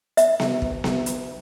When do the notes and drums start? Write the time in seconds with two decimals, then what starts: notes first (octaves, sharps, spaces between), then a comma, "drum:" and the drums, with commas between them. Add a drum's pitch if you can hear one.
0.17 E5, drum: hi-hat
0.40 drum: snare B3
0.62 drum: kick
0.84 drum: snare B3
1.06 drum: hi-hat